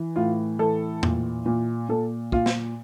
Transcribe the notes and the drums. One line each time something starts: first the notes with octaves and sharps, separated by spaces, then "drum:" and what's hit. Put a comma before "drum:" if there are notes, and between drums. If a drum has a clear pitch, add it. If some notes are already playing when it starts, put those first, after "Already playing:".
Already playing: E3
A2 F4
E3 A4
A#2, drum: tom E2
A#2
A#2 A4
A#2 F4, drum: kick
drum: snare